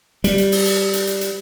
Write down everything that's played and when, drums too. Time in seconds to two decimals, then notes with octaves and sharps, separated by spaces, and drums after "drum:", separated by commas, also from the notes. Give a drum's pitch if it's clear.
0.24 G3, drum: hi-hat
0.38 drum: hi-hat
0.52 drum: open hi-hat
0.66 drum: hi-hat
0.93 drum: hi-hat
1.07 drum: hi-hat
1.21 drum: hi-hat